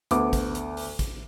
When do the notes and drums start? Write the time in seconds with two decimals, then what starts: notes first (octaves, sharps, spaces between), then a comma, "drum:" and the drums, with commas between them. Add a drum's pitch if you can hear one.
0.11 D2 B3 D6, drum: hi-hat
0.33 drum: kick, hi-hat
0.55 drum: hi-hat
0.77 drum: open hi-hat
0.99 drum: kick, hi-hat